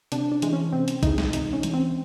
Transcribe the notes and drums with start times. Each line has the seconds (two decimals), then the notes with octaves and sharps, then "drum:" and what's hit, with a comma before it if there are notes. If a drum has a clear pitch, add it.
0.12 C3 D4, drum: hi-hat
0.32 D4
0.42 E3 G#3, drum: hi-hat
0.53 C#4
0.72 C3 C4
0.88 drum: hi-hat
1.03 E3 G#3 D#4, drum: kick A#1, hi-hat
1.18 drum: snare
1.33 C3 D#4, drum: hi-hat
1.53 C#4
1.63 E3 G#3, drum: hi-hat
1.74 C4